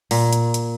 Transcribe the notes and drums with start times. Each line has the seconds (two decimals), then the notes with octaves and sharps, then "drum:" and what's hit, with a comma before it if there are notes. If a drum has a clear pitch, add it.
0.11 A#2, drum: open hi-hat
0.33 drum: hi-hat
0.54 drum: hi-hat